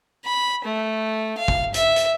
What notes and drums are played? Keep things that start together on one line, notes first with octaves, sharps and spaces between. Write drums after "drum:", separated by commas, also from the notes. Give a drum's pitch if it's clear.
B5
A3
F5
drum: kick
E5, drum: hi-hat
drum: hi-hat